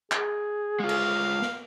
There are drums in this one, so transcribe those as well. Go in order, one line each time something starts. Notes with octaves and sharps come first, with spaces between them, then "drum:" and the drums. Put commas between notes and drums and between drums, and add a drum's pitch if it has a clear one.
G#4, drum: clap
G#3 F4 F5
drum: cymbal
drum: snare